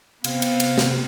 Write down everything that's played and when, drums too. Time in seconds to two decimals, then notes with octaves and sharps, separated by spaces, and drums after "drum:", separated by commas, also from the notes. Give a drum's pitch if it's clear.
0.24 C3 B3 C4 F5, drum: cymbal
0.42 drum: cymbal
0.60 drum: cymbal
0.78 drum: snare